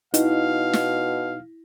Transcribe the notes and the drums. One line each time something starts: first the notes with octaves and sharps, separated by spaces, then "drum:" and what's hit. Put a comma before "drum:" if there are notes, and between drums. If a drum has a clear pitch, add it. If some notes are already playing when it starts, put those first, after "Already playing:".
B2 D#4 E4 F5, drum: hi-hat
drum: snare